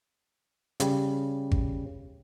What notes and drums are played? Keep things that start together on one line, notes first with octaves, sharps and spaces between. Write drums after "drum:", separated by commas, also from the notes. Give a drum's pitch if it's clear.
C#3 G3, drum: hi-hat
drum: kick G#1